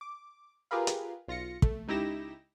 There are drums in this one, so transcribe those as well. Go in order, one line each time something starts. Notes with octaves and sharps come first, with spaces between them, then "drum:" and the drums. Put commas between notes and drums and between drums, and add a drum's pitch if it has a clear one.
D6
F4 G4 G#4 A#4 B4 F5
drum: hi-hat
B1 F4 A#6 C#7
A3, drum: kick
C#2 D#4 E4 G4 A#6 E7